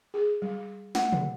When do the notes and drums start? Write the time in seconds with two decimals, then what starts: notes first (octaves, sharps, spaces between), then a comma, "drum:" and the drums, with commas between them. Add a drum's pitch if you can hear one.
0.14 G#4
0.42 G3
0.95 F#5, drum: snare
1.13 drum: tom